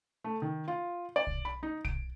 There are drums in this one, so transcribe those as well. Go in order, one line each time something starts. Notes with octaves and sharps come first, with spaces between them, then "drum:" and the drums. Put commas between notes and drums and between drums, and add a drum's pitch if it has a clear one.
A3
D#3
F4
D5
drum: kick
B5
D#4
D7, drum: kick